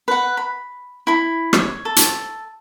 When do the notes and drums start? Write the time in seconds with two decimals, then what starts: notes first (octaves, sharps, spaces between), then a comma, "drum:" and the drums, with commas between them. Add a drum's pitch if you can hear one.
0.08 B4 F#5
0.37 B5
1.07 E4 B5
1.53 C#5, drum: rim click
1.85 A4
1.96 drum: hi-hat